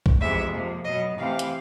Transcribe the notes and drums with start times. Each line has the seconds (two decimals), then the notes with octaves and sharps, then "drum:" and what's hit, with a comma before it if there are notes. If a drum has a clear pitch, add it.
0.06 drum: kick B1
0.20 F2 C3 E3 G#3 B3 E5
0.52 C3 F3 A#3
0.84 B2 F#3 B3 D#5
1.17 C3 E3 A3 C4 F5
1.39 drum: hi-hat